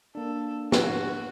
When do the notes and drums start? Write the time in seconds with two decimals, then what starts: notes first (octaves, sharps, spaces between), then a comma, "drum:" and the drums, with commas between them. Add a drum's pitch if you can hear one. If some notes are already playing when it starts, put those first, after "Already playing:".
0.15 A#3 D4 A4
0.72 F#4, drum: snare